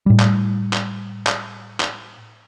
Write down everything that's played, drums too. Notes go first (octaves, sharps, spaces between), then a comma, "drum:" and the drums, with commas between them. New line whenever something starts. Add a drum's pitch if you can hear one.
A2 G3
drum: clap
drum: clap
drum: clap
drum: clap